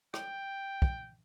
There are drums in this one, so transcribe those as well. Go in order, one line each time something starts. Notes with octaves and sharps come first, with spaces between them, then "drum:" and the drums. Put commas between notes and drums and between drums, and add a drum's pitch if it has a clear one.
G5, drum: rim click
drum: kick